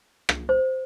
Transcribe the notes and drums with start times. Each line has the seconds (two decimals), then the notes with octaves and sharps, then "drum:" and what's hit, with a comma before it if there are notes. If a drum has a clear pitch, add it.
0.29 drum: rim click
0.49 C5